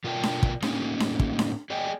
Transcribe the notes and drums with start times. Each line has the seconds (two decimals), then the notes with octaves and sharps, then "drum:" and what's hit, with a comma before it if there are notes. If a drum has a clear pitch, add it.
0.04 B2 F4 A#4 D5 G5 A5
0.23 drum: snare D4
0.43 drum: kick
0.62 A2 A#3 C#4 D#4 G4, drum: snare D4
1.00 drum: snare D4
1.20 drum: kick
1.39 drum: snare D4
1.70 G#4 D5 D#5 G5 G#5